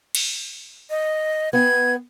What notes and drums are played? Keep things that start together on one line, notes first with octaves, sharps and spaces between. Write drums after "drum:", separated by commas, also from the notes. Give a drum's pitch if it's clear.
drum: cymbal
D#5
B3 F#5 G5 G#6